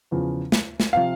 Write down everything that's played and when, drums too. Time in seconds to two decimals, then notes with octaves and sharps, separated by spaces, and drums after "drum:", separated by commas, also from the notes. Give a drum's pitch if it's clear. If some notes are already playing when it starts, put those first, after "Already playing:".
0.11 E2 C#3 F3
0.52 drum: snare
0.80 drum: snare
0.93 C3 F3 F5